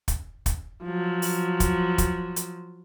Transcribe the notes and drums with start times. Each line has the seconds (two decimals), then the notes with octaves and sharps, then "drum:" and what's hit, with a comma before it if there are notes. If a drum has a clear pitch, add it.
0.08 drum: kick, hi-hat
0.46 drum: kick, hi-hat
0.84 F3 F#3
1.22 drum: open hi-hat
1.60 drum: kick, hi-hat
1.98 drum: kick, hi-hat
2.36 drum: hi-hat